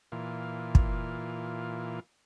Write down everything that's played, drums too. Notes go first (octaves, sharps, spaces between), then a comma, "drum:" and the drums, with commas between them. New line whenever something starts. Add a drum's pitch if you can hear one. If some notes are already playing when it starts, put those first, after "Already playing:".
A#2 E3 F4
drum: kick